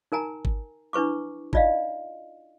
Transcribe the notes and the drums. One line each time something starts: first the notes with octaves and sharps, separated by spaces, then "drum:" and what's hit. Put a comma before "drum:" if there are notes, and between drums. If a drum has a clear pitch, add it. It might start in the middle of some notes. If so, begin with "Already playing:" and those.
D#4 A#4 G#5 A#5
drum: kick
D4 E4 B4 C#6 D6
D#4 F4 D5 D#5 F5, drum: kick